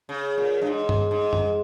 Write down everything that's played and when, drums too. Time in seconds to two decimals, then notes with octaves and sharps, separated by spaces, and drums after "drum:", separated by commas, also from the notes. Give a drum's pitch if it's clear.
0.09 C#3
0.37 A#2
0.62 G2
0.67 G#2
0.89 drum: tom G2
1.11 G#2
1.33 drum: tom F#2